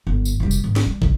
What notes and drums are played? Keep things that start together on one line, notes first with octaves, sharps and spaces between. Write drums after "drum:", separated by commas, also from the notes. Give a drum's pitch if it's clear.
G1
drum: tambourine
F1 G3
drum: tambourine
G#1
drum: snare
G3
C#2 C#3, drum: kick